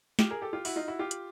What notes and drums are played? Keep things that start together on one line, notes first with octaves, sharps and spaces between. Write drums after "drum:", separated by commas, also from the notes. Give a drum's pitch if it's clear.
F4 G4, drum: snare
G#4 A#4
G4 A4
F4 G4
E4 F#4, drum: open hi-hat
D#4 F4
E4 F#4
F4 G4
drum: hi-hat